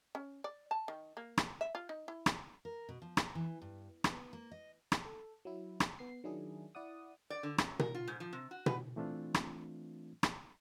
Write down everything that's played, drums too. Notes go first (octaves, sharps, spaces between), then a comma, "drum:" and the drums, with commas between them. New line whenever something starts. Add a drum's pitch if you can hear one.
C#4
D5
A5
D#3
A#3
drum: rim click
E5
F4
D#4
E4
drum: rim click
A#4
B2
F3
A#4, drum: rim click
E3
G2
B3, drum: rim click
A#3
D#5
drum: rim click
A4
F#3 E4
drum: rim click
B3 C7
D#3 F#3 D4 E4 G#4
E4 D5 F#5 D#6
D5
D3
F#2, drum: rim click
A#4, drum: tom B2
F4
G#2
F3
C3
F#4
B4, drum: tom B2
E3 A3 C4 D4 F4
drum: rim click
drum: rim click